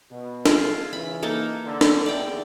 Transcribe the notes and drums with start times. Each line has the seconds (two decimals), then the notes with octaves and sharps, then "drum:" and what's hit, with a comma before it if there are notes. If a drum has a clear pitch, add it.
0.12 B2
0.46 F4 G#4, drum: snare
0.93 C#3 E3 B5
1.23 A#3 D#4 A4
1.65 D3
1.81 drum: snare
2.06 E2 D5 G5